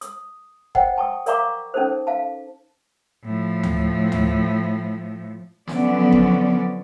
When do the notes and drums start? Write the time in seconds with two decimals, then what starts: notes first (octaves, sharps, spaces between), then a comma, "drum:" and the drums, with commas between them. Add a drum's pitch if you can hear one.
0.01 D#6, drum: hi-hat
0.75 C5 D#5 F#5 G5, drum: kick F#1
0.96 G5 A5 C#6 D#6
1.26 A#4 D5 F5 A#5 C#6 D6, drum: hi-hat
1.74 C#4 D#4 A4 C5
2.07 F5 A5
3.24 A2 F3
3.63 drum: tom D2
4.12 drum: tom D2
5.67 D3 F3 F#3 B3 C#4 D5, drum: snare
6.12 drum: kick F#1